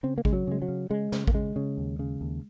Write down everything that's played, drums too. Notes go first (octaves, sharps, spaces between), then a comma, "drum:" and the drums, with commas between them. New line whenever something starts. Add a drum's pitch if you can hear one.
C#3 C4
A#3
C#3 G#3, drum: kick A1
F#3
C#3 G#3
F#3
C#3
C#3 G#3
C#3, drum: snare
A#3, drum: kick A1
C#3 G#3
C#3
D#2
C#3
D#2